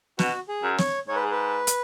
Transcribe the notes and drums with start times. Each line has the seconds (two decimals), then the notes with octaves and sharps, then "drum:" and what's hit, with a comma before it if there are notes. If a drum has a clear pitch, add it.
0.19 B2 F#4, drum: snare
0.49 G#4
0.63 F#2
0.79 C#5, drum: snare
1.08 G#2 C#5
1.16 B4
1.23 G#4
1.31 B4
1.67 drum: hi-hat